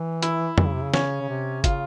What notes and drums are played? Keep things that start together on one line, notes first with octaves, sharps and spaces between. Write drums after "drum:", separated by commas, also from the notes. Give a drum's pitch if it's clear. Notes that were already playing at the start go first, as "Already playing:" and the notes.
Already playing: E3
E4, drum: hi-hat
E3, drum: tom F2
C#3
C3
C#3
C#4, drum: snare
C#3
C3
C#3 F4, drum: kick, hi-hat